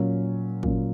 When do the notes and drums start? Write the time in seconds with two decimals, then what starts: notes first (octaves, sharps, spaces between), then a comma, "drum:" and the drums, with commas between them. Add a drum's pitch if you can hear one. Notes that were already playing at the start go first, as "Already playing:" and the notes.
Already playing: A#2 F#3 C#4
0.63 A#2 F#3 C#4, drum: kick